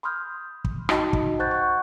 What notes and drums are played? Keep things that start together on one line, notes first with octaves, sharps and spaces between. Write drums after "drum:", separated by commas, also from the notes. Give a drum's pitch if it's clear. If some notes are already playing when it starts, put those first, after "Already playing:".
B5 C6 D#6 F6 G6
drum: kick
D#4 F#4 D#5 G5 A5 B5, drum: rim click
drum: kick
C5 F#5 C#6 F#6 G6 A6
F#5 C#6